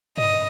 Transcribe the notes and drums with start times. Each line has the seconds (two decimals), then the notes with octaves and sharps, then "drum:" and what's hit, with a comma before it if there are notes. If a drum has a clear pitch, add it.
0.18 D#5, drum: tom G2